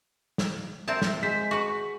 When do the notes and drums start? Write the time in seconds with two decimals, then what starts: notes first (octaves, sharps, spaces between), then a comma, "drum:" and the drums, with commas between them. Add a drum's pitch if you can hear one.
0.38 drum: snare
0.88 C4 A#4 E5 A5
1.02 drum: snare
1.23 G#3 C5 B6
1.51 F#4 B4 C#6